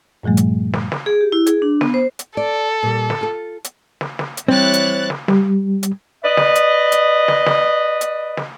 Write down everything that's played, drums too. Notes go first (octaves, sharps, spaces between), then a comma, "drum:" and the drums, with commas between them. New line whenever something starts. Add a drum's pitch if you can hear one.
G2 A#2 F3 G3 A3
drum: hi-hat
drum: snare
drum: snare
G#4
G4
E4
G#4, drum: hi-hat
D4
B3, drum: snare
C5
drum: hi-hat
A4 D5
A#2 G3
drum: snare
F4 A4
drum: hi-hat
drum: snare
drum: snare
drum: hi-hat
E3 G3 C4 E4 C#5 F#6 A6
drum: hi-hat
drum: snare
G3, drum: snare
drum: hi-hat
B4 D5 D#5
drum: snare
drum: hi-hat
drum: hi-hat
drum: snare
drum: snare
drum: hi-hat
drum: snare